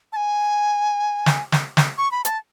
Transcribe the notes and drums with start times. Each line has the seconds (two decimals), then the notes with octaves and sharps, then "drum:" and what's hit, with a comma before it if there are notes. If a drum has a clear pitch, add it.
0.13 A5
0.16 G#5
1.26 drum: snare
1.52 drum: snare
1.77 drum: snare
1.98 C#6
2.12 B5
2.25 A5, drum: hi-hat